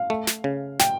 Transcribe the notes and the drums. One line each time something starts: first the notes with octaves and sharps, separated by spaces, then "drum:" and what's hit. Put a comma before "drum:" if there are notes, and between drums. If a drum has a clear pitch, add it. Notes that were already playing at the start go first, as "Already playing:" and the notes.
Already playing: F5
A3
drum: snare
C#3
G5, drum: snare